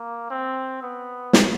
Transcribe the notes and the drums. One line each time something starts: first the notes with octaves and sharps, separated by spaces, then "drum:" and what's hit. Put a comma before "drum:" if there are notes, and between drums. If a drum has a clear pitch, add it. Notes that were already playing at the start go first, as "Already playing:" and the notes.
Already playing: A#3
C4
B3
drum: snare